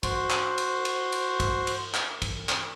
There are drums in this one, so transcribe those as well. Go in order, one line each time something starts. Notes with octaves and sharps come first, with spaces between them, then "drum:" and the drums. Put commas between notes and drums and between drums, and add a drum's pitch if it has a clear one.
F#4 C5, drum: kick, cymbal
drum: clap
drum: cymbal
drum: cymbal
drum: cymbal
drum: kick, cymbal
drum: cymbal
drum: clap
drum: kick, cymbal
drum: clap